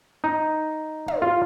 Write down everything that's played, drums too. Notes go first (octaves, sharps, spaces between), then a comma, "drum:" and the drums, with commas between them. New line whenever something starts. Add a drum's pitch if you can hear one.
D#4
drum: tom
F4